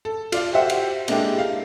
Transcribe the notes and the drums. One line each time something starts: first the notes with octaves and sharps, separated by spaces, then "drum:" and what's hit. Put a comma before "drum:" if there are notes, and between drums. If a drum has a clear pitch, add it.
A4
F4 D5 F5, drum: cymbal
F#4 G4 C5 E5 F#5
drum: cymbal
G#3 A#3 D4 E4 G4 A4, drum: cymbal
F5